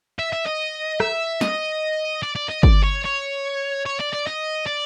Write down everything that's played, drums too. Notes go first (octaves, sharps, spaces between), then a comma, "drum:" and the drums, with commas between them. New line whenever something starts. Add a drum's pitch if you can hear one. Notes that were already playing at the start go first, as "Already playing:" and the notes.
E5
E5
D#5
E5, drum: rim click
D#5, drum: snare
D5
D5
D#5
D5, drum: kick G1
C#5
C#5
C#5
D5
D5
D#5
D5